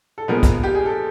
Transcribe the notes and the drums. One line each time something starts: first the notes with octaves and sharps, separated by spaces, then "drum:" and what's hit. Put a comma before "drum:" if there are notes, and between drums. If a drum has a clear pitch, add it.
A4
A#2 F3 G#3 B3 A#4
drum: kick, hi-hat
G4
G#4
A4